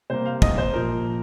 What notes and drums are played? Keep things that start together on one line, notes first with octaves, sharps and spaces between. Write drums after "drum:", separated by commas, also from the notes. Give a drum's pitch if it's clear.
C3 G3 A#3 C5
F5
D#5, drum: kick
C5
A#2 F3 A#3 A#4